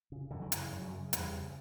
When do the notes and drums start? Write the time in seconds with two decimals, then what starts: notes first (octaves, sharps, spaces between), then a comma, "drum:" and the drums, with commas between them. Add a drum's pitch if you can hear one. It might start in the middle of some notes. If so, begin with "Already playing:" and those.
0.12 C#3
0.31 F#2 D3
0.42 D#3
0.52 C#3 E3, drum: hi-hat
0.72 F#2
0.82 F#3
0.92 C#3
1.13 E2 G3, drum: hi-hat
1.33 C#3